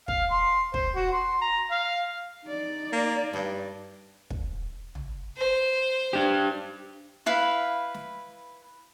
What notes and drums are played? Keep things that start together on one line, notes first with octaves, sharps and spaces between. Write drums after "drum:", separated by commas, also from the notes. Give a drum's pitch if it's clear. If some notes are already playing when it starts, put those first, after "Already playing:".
F5, drum: kick
C6
C5, drum: kick
F#4
C6
A#5
F5
D#4 D5
A#3
G2, drum: snare
drum: kick
drum: tom
C5
D4 G4
E4 B4 F5
drum: snare